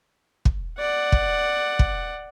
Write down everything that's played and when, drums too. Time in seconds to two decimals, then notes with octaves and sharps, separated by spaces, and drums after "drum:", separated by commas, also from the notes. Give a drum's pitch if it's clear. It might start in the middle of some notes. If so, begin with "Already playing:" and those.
0.45 drum: kick
0.79 D5 F#5
1.12 drum: kick
1.79 drum: kick